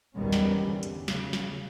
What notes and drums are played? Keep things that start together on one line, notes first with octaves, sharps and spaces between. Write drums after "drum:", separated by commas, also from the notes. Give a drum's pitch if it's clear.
G#1 E2 D#3 G3 B3 C#4
drum: snare
D3 E3
drum: hi-hat
C#3, drum: snare
drum: snare